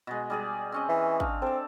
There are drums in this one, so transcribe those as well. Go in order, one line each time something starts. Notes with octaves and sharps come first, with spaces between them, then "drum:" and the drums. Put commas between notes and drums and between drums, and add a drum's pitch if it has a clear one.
B2 G#3
G3 G#4 D5
C4 C#4 D#5
E3
D4 F5, drum: kick G#1
C4 A4 D5